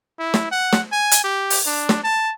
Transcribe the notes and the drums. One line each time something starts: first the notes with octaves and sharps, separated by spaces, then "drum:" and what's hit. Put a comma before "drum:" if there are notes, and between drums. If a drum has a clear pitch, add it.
E4
drum: snare
F#5
drum: snare
G#5
drum: hi-hat
G4
drum: open hi-hat
D4
drum: snare
A5